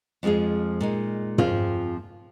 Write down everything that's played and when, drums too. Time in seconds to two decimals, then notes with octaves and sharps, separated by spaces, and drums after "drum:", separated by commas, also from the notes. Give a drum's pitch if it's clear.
0.23 F2 F3 G#3 F4 G#4
0.81 A#2 G#3 D#4
1.38 F2 F3 C4 F4 G#4, drum: tom